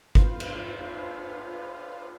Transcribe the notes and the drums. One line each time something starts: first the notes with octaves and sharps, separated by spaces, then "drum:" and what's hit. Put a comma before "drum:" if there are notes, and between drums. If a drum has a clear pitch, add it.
F4 B4 C5 F5, drum: kick G1
drum: cymbal